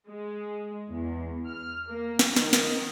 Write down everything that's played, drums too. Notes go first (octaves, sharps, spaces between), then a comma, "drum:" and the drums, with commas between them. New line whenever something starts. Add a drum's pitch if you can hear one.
G#3
E2
F6
A#3
drum: snare
D#3, drum: snare
drum: snare